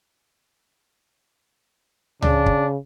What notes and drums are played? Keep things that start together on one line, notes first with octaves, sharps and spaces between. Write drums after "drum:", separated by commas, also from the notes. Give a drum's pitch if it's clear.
C#3 D4, drum: tom C#2
drum: kick